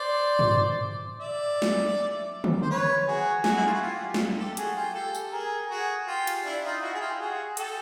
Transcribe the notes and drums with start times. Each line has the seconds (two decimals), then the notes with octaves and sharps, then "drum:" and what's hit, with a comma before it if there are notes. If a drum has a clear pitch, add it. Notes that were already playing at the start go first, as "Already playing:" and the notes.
Already playing: C5 D5
0.39 drum: tom
1.19 D5 E5
1.62 drum: snare
2.44 drum: tom
2.62 C5
2.70 B4 C#5
3.07 F#4 G#4
3.44 F#4 G#4, drum: snare
3.56 E4
3.66 F4
3.74 F#4
3.82 F4 G4
4.14 drum: snare
4.39 G4 A4
4.57 F#4 G#4, drum: hi-hat
4.75 F4 G4
4.94 G4 A4
5.15 drum: tambourine
5.32 G#4 A#4
5.69 F#4 G#4
6.07 F4 G4
6.27 drum: cymbal
6.45 D4 E4
6.63 D#4 F4
6.82 E4 F#4
6.93 G#4
7.00 F4 G4
7.19 F#4 G#4
7.57 G4 A4, drum: hi-hat